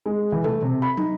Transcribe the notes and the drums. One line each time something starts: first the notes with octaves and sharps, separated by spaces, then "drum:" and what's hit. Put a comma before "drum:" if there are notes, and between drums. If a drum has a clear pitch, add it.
G#3
E3
A3, drum: tom C3
C3
B5
D#4, drum: tom